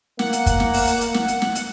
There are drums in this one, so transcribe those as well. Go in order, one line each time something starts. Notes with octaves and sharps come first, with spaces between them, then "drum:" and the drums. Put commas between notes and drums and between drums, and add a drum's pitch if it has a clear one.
A#3 F#5, drum: snare
drum: hi-hat
drum: kick, hi-hat
drum: snare
drum: open hi-hat
drum: hi-hat
drum: hi-hat
drum: snare
drum: hi-hat
drum: snare
drum: hi-hat